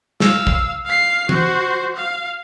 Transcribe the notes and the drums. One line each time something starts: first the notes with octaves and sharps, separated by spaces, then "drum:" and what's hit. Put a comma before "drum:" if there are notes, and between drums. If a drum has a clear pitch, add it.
F5 E6, drum: snare
drum: kick
F5 C7
F#4 C5, drum: tom E3
F5